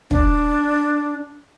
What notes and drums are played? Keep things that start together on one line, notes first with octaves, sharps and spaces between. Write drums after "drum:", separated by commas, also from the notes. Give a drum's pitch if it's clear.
D4, drum: kick